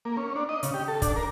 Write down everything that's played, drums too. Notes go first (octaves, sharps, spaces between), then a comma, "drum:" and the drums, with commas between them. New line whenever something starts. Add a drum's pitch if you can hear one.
A#3
C#4
D4
D#5
C#3, drum: hi-hat
G4
A4
D4, drum: kick, hi-hat
A#4